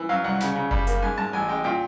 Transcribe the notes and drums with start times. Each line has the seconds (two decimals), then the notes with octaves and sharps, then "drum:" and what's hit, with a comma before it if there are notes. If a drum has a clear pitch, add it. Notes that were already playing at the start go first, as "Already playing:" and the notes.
Already playing: E3
0.09 F#3 F5
0.24 C2 F#5
0.40 C#3, drum: snare
0.55 C#3
0.71 G3, drum: kick F#1
0.87 A#3, drum: hi-hat
1.02 G#2 G#5
1.18 G#2 A5
1.33 A1 G#5
1.48 G#3 G5
1.64 A#2 G5